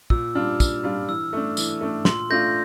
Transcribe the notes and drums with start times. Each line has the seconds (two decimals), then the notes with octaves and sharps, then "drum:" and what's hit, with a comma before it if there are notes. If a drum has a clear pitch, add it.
0.10 A#2 E6, drum: kick
0.35 G3 D4 F4 F6
0.60 A#2, drum: kick, tambourine
0.83 G3 D4 F4
1.08 E3 E6
1.33 A3 D4
1.57 E3, drum: tambourine
1.81 A3 D4
2.05 A#2 C6, drum: snare
2.30 A3 D4 F4 G6 A#6